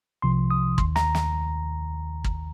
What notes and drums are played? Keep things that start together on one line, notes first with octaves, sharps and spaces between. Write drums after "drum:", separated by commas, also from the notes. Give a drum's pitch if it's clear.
C2 C3 F3 C6
D#6
D#2 D#3 C6, drum: kick
A#5, drum: snare
drum: snare
drum: kick